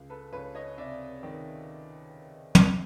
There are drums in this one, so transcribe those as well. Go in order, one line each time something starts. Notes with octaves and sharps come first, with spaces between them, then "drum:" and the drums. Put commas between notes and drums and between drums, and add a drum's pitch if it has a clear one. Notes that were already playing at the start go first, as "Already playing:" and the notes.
Already playing: C#2
A4 B4
C#2 B4 C#5
C#5 D#5
C3 D5 E5
D#3
drum: tom